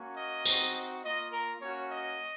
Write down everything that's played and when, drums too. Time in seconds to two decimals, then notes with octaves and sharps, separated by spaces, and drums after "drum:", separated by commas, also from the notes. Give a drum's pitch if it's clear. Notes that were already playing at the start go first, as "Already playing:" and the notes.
Already playing: A#3 C#4 F#4
0.16 D#5
0.46 C4 D#4 F#4, drum: tambourine
1.03 A#3 F4 D#5
1.32 A#4
1.61 A#3 C#4 F#4 C#5
1.90 D#5